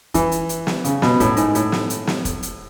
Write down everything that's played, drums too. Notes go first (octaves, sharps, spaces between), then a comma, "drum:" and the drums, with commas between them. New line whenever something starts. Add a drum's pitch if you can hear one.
E3, drum: kick, hi-hat
drum: hi-hat
drum: hi-hat
drum: snare
C#3, drum: hi-hat
B2, drum: snare
A2, drum: kick, hi-hat
G#2, drum: hi-hat
A2, drum: hi-hat
drum: snare
drum: hi-hat
drum: snare
drum: kick, hi-hat
drum: hi-hat